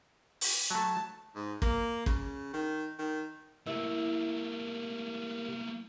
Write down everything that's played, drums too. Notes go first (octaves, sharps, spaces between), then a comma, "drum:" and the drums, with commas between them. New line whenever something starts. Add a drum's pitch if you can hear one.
drum: open hi-hat
F#3 A3 A5
G#2
A#3, drum: kick
C#3, drum: kick
D#3
D#3
C3 A3 A#3 E4 G4 A#4 E5